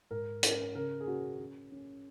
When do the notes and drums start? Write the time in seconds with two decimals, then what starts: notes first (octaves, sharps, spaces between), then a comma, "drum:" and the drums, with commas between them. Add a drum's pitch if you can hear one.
0.11 G#2 A#4
0.43 C#4 A#4, drum: hi-hat
0.75 C#3 A#4
1.00 G#4
1.07 C#4 F#4
1.39 C#4
1.71 C#4